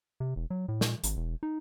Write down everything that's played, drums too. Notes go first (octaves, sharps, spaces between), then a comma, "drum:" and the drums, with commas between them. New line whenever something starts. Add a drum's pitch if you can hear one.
C3
E1
F#3
A2
A#2, drum: snare
G#1, drum: hi-hat
E1
D#4